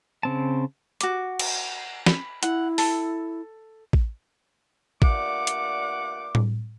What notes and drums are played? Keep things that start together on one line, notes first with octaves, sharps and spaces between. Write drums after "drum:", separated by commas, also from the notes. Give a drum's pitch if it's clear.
C#3 C4 A5
F#4 D6, drum: hi-hat
drum: cymbal
B5, drum: snare
E4 F#5, drum: hi-hat
A4, drum: open hi-hat
drum: kick A1
G2 A#2 A3 F#5 D6, drum: kick A1
drum: hi-hat
drum: tom A2